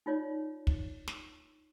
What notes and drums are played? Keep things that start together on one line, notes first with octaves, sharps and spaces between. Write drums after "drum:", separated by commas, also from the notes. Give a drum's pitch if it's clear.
D#4 F4 C#5 D5
drum: kick
drum: snare